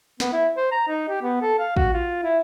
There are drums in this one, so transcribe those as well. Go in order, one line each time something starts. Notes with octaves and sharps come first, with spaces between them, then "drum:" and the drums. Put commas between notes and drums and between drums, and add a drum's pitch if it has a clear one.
B3, drum: snare
E4
C5
A#5
D#4
G4
B3
A4
F5
F#4, drum: kick
F4
E4